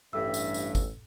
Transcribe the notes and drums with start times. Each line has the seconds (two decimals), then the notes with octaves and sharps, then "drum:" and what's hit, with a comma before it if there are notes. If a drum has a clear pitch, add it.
0.13 A1 G2 A4 E5 E6
0.34 drum: tambourine
0.54 drum: tambourine
0.75 drum: kick G1, tambourine